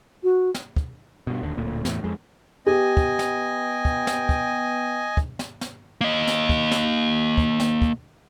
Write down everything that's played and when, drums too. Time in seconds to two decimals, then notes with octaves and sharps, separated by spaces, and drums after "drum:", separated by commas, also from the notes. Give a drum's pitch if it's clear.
0.23 F#4
0.54 drum: snare
0.77 drum: kick
1.27 G2 B2
1.43 D1 D#2 D3
1.57 D1 D2 A#2
1.85 E2 A2, drum: snare
2.04 F2 G#3
2.66 B3 G4 D#5 G5 G#5
2.97 drum: kick
3.19 drum: snare
3.85 drum: kick
4.07 drum: snare
4.29 drum: kick
5.17 drum: kick
5.39 drum: snare
5.61 drum: snare
6.01 A#3 D#5
6.27 drum: snare
6.49 drum: kick
6.71 drum: snare
7.38 drum: kick
7.60 drum: snare
7.82 drum: kick